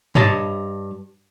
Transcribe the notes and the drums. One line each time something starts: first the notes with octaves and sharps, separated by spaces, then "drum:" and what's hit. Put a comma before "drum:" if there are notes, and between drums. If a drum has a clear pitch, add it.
G2 C#5 D#5 A5, drum: tom